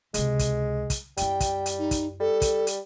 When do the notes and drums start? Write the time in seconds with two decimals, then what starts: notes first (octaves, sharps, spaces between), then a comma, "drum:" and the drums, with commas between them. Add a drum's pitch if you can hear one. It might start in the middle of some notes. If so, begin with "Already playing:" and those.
0.14 C#2 C3 G#3, drum: hi-hat
0.39 drum: kick, hi-hat
0.90 drum: kick, hi-hat
1.17 F#2 G3 E4 G5, drum: hi-hat
1.40 drum: kick, hi-hat
1.66 drum: hi-hat
1.79 D#4
1.91 drum: kick, hi-hat
2.20 G3 A4
2.42 drum: kick, hi-hat
2.67 drum: hi-hat